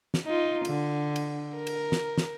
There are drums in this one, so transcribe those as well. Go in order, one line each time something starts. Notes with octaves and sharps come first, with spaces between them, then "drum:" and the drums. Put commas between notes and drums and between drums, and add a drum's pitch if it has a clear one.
drum: snare
D#4 F4
D3, drum: cymbal
drum: cymbal
A#4
drum: cymbal
drum: snare
drum: snare